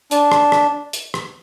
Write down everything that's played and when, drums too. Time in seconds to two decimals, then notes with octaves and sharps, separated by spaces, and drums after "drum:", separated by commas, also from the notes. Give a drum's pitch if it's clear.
0.11 D4, drum: hi-hat
0.32 drum: rim click
0.52 drum: rim click
0.93 drum: hi-hat
1.14 drum: rim click